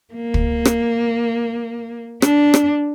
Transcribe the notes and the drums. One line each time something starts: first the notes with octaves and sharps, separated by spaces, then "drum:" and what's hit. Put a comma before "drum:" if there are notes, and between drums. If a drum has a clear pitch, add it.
A#3
drum: kick
drum: rim click
D4, drum: rim click
drum: rim click